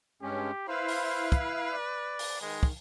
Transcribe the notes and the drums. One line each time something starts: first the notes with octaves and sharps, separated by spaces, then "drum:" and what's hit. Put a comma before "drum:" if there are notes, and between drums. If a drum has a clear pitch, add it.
G2 G#3 C#4 G4
E4 B4 C5 F5
drum: open hi-hat
drum: kick, hi-hat
D5
drum: open hi-hat
D#3 G#3
drum: kick